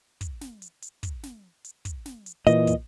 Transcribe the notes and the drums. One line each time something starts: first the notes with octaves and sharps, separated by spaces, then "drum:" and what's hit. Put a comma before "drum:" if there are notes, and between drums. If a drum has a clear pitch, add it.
drum: kick, hi-hat
drum: snare
drum: hi-hat
drum: hi-hat
drum: kick, hi-hat
drum: snare
drum: hi-hat
drum: kick, hi-hat
drum: snare
drum: hi-hat
A#2 E3 D#5, drum: hi-hat
drum: kick, hi-hat